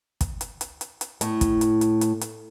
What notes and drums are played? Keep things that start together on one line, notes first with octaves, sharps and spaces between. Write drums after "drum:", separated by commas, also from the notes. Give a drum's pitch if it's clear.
drum: kick, hi-hat
drum: hi-hat
drum: hi-hat
drum: hi-hat
drum: hi-hat
A2, drum: hi-hat
drum: kick, hi-hat
drum: hi-hat
drum: hi-hat
drum: hi-hat
drum: hi-hat